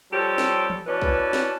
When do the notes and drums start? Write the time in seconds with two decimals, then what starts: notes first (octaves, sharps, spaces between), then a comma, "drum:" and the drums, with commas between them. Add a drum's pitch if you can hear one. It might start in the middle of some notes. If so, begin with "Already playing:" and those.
0.11 F3 G3 C#4 G4 A4
0.38 drum: snare
0.70 drum: tom E3
0.86 B2 E3 C#4 B4 D5 A5
1.01 drum: kick
1.33 drum: snare